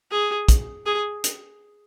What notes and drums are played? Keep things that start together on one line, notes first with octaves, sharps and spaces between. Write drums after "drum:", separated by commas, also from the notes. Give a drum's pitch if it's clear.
G#4
drum: kick, hi-hat
G#4
drum: hi-hat